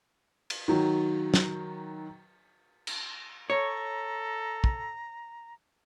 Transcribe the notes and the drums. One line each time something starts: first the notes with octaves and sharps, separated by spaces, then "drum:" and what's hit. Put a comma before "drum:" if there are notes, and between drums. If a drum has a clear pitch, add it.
drum: cymbal
D#3 F#3
drum: snare
drum: cymbal
A4 C#5 A#5
drum: kick